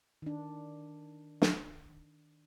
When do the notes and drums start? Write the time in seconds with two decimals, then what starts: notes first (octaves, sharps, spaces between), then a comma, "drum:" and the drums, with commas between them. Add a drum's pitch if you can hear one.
0.22 D#3 D4
1.42 drum: snare